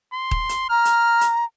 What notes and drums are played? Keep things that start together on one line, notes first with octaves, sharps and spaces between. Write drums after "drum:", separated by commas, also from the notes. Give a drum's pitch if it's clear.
C6
drum: kick D#1
drum: hi-hat
A#5 F6
drum: hi-hat
drum: hi-hat